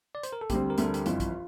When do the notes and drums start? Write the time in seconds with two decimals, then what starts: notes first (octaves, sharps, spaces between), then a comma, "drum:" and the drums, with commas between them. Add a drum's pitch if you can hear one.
0.15 D5
0.23 C5, drum: hi-hat
0.33 A#4
0.41 A4
0.50 D2 D3 G3 C4 G4, drum: kick A#1, hi-hat
0.70 A#4
0.78 D2 D3 G3 C4 A4, drum: hi-hat
0.94 G4, drum: hi-hat
1.06 G1 F2 E3 F4, drum: hi-hat
1.20 drum: kick A#1, hi-hat